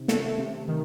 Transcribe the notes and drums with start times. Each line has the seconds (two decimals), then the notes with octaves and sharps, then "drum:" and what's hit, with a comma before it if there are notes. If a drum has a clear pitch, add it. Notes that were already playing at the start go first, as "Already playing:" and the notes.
Already playing: C3 D#3
0.08 A3, drum: snare
0.38 C3
0.68 D#3